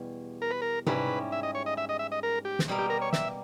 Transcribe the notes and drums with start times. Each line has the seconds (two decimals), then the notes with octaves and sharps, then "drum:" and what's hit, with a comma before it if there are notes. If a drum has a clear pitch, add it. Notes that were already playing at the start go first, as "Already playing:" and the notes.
Already playing: E2 B2 G3
0.42 A#4
0.51 B4
0.62 A#4
0.87 G#2 G3 C#4 E4 B4, drum: tom C3
1.32 E5
1.43 D#5
1.55 C#5
1.66 D#5
1.77 E5
1.89 D#5
1.99 E5
2.12 D#5
2.23 A#4
2.45 G4
2.59 drum: snare
2.68 B2 G3 A#3
2.78 G4
2.90 A#4
3.02 C#5
3.13 E5, drum: snare